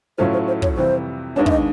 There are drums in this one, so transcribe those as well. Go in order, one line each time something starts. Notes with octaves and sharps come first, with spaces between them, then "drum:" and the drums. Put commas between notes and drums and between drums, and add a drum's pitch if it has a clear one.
A2 F#3 A3 C#4 F4 C5
C5
C5
C#5, drum: kick
F2 C3 E3 G3 C5
D#2 D#3 G#3 B3 D4 C#5
E5, drum: kick
D#5